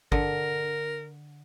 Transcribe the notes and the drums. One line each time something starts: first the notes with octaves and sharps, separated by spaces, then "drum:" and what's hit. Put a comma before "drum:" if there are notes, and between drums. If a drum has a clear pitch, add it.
D3 A#4, drum: kick G#1